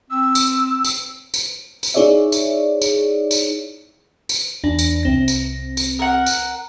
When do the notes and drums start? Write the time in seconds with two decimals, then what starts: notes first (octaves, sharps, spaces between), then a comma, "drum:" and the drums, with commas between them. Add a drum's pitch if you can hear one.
0.10 C4 E6
0.35 drum: tambourine
0.84 drum: tambourine
1.34 drum: tambourine
1.83 drum: tambourine
1.94 D#4 E4 G#4 C#5 D5 E5
2.32 drum: tambourine
2.81 drum: tambourine
3.31 drum: tambourine
4.29 drum: tambourine
4.64 E2 D4 A#6
4.79 drum: tambourine
5.03 C2 C4 A#6
5.28 drum: tambourine
5.77 drum: tambourine
5.99 A#4 F#5
6.26 drum: tambourine